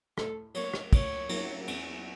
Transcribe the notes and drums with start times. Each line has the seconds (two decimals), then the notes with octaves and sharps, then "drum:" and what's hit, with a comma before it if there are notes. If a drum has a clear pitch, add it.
0.18 A2 A4, drum: rim click
0.54 F#3 A#3 C#5, drum: cymbal
0.74 drum: rim click
0.93 A2 C#5, drum: kick, cymbal
1.29 F#3 A#3, drum: cymbal
1.68 E2, drum: cymbal